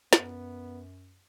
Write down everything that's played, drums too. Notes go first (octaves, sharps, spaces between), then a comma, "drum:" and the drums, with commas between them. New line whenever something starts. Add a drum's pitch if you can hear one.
F#2 B3, drum: snare